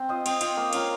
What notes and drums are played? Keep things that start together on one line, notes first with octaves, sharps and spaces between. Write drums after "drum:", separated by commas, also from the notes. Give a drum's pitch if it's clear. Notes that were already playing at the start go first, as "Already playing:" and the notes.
Already playing: C4
F4 C5 D#5
C4, drum: cymbal
F4 C5 D#5, drum: cymbal
A#3
C#4 F4 A#4, drum: cymbal